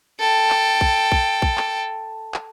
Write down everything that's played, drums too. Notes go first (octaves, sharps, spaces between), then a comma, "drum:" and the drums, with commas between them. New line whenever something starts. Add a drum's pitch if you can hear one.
A4 G5
drum: clap
drum: kick
drum: kick
drum: kick
drum: clap
drum: clap